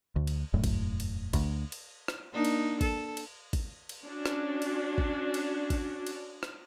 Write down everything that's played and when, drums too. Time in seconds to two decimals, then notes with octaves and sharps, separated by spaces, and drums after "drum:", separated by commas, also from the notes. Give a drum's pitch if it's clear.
0.16 D2
0.27 drum: cymbal
0.54 E1 F#2 A2
0.64 drum: kick, cymbal
1.00 drum: cymbal
1.33 D2, drum: kick, cymbal
1.72 drum: cymbal
2.08 drum: rim click
2.33 A#3 D4 D#4
2.45 drum: cymbal
2.81 A4, drum: kick, cymbal
3.17 drum: cymbal
3.53 drum: kick, cymbal
3.89 drum: cymbal
4.04 C#4 D4 F#4
4.26 drum: rim click
4.62 drum: cymbal
4.98 drum: kick
5.34 drum: cymbal
5.70 drum: kick, cymbal
6.07 drum: cymbal
6.43 drum: rim click